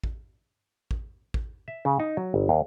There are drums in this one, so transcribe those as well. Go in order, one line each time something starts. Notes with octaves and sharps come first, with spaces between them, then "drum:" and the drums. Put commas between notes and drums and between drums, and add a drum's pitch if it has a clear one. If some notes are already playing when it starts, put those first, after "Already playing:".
drum: kick
drum: kick
drum: kick
E5
C#3
D#4
F#3
G1
D#2